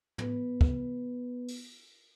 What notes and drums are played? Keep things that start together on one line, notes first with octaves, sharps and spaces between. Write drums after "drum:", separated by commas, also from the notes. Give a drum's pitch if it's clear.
B3 B4, drum: tom
drum: kick
drum: open hi-hat